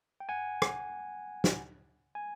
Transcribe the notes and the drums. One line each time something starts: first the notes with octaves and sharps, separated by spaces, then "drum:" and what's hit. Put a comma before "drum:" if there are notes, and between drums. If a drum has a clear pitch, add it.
G5
F#5 G#5
drum: rim click
drum: snare
G#5